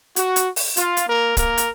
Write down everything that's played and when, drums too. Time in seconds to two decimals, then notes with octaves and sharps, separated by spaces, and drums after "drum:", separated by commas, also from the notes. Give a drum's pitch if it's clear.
0.16 F#4, drum: hi-hat
0.36 drum: hi-hat
0.56 drum: open hi-hat
0.77 F4, drum: hi-hat
0.97 drum: hi-hat
1.07 A#3 A#4
1.37 A#3 A#4, drum: kick, hi-hat
1.58 drum: hi-hat